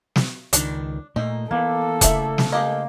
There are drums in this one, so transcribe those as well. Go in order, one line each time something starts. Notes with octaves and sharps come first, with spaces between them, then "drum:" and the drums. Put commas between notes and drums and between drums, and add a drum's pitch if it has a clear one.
drum: snare
C#2 D#3 D4, drum: hi-hat
A#2 A3 A#3 D#4
E3 A#3 B3 A4
C#3 A3 E4 D5 E5, drum: kick E1, hi-hat
drum: snare
G#3 A#3 G4 D#5